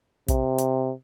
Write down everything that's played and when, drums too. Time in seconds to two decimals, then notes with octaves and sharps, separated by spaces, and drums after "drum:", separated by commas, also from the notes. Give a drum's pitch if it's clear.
0.28 C3, drum: kick, hi-hat
0.58 drum: hi-hat